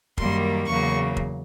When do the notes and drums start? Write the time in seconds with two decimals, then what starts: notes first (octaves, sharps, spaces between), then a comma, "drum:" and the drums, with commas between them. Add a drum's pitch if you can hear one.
0.18 F#2 D#3 G3 A#3 C6, drum: kick
0.67 E2 C#3 F#3 A#3 C#6
1.17 drum: kick